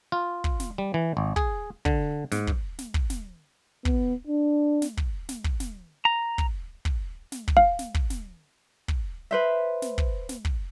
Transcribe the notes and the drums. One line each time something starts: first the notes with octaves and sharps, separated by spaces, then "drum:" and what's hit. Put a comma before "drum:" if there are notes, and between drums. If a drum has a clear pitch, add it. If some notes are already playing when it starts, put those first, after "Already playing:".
F4
drum: kick
drum: snare
G3
E3
G#1
G#4, drum: kick
D3, drum: kick
G#2, drum: snare
drum: kick
drum: snare
drum: kick
drum: snare
B3, drum: kick
D4
drum: snare
drum: kick
drum: snare
drum: kick
drum: snare
A#5
drum: kick
drum: kick
drum: snare
drum: kick
F5
drum: snare
drum: kick
drum: snare
drum: kick
B4 C5 E5
drum: snare
drum: kick
drum: snare
drum: kick